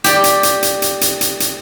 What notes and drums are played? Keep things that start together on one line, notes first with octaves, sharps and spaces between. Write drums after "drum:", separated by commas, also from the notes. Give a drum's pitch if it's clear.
G4 D5, drum: hi-hat
drum: hi-hat
drum: hi-hat
drum: hi-hat
drum: hi-hat
drum: hi-hat
drum: hi-hat
drum: hi-hat